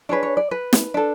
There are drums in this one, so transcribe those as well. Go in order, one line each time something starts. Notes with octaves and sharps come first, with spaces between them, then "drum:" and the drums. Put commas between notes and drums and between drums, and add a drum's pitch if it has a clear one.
D4 G#4 B4 C#5
C#5
D5
B4
drum: snare
D4 A4